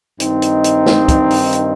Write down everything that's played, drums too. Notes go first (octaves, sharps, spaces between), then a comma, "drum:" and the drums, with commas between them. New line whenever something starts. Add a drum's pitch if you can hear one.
G2 D#3 C4 D#4, drum: hi-hat
drum: hi-hat
drum: hi-hat
drum: snare
drum: kick, hi-hat
drum: open hi-hat
drum: hi-hat